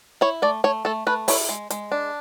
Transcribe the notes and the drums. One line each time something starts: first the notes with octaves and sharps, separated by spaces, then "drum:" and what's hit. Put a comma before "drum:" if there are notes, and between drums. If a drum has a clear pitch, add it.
E4 C#5
A3 D5
A3 C#5
A3 A4
A3 B4
E4 C#5, drum: open hi-hat
G#3
G#3, drum: hi-hat
D4